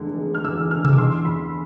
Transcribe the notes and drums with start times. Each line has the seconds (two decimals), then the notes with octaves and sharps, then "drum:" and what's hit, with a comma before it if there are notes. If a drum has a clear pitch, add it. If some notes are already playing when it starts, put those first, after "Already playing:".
Already playing: F1 E2 D3 G#3
0.18 G#3
0.35 F6
0.44 E2 E6
0.57 E6
0.71 D3 F6
0.85 E6, drum: tom B2
0.93 D6
0.98 E2 C6
1.25 E2 B5